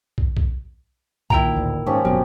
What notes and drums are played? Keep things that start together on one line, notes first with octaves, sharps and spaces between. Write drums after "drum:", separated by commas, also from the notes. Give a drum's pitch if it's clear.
drum: kick
drum: kick
A#2 D#3 E4 G5 A#5, drum: kick
A1 D2
G#2 F3 C#4 G4
G1 B2 F#3 A#4